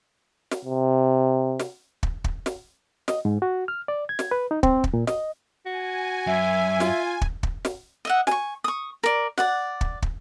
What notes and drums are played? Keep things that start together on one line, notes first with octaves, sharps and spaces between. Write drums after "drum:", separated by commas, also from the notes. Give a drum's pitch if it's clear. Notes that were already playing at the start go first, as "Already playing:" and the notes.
drum: snare
C3
drum: snare
drum: kick
drum: kick
drum: snare
D#5, drum: snare
G#2
F#4
F6
D5
G#6
drum: snare
B4
D#4
C4, drum: kick
drum: kick
A#2
D#5, drum: snare
F#4 G#5
F#2 E5
F4, drum: snare
drum: kick
drum: kick
drum: snare
D#5 E5 F#5
G#5 C#6, drum: snare
C#6 D#6
A#4 D5
D5 F#5, drum: snare
drum: kick
drum: kick